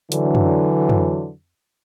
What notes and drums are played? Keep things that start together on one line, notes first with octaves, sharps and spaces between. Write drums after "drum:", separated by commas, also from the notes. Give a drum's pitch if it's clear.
D3 E3 F#3, drum: hi-hat
drum: tom
drum: tom